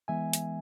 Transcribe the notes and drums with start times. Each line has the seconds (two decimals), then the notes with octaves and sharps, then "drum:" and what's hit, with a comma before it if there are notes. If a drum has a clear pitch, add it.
0.08 E3 G#3 B3 E5 G#5
0.33 drum: hi-hat